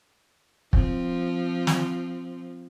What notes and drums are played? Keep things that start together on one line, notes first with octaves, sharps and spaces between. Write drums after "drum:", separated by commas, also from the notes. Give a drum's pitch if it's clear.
F3 C4, drum: kick
drum: snare